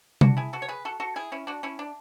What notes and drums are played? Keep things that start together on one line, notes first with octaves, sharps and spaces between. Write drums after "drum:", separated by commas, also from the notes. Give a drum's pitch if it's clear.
D4 F#4, drum: tom C3
E4 G#4
F#4 A4
C#5
G#4 B4
F#4 A4
F#4 A4
E4 G#4
C#4 E4
D4 F#4
C#4 E4
D4